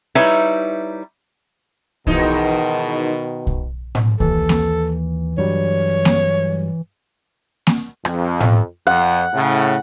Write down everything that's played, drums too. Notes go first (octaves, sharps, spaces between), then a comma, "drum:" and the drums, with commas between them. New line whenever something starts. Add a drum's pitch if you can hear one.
G3 D#4 E4 B4 C#5 E5
G#2 B2 D#3 E3 D#4, drum: kick
drum: kick
drum: tom A2
D#2 E3 A4, drum: kick
drum: snare A#3
G2 F#3 G3 C#5
drum: snare A#3
drum: snare A#3
F2, drum: rim click
drum: tom A2
F2 F#5
A2 C#3